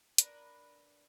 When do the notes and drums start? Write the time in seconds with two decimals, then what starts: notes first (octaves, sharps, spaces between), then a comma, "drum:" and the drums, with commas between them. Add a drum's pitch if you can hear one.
0.18 D4 A#4 B4, drum: hi-hat